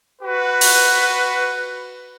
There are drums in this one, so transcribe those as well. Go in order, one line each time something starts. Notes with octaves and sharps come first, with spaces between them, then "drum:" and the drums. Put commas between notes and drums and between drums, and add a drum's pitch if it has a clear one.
F#4 B4
drum: open hi-hat